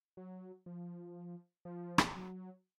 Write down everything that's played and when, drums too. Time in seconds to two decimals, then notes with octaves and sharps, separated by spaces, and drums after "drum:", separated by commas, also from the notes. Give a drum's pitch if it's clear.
0.17 F#3
0.66 F3
1.65 F3
1.98 drum: rim click
2.15 F#3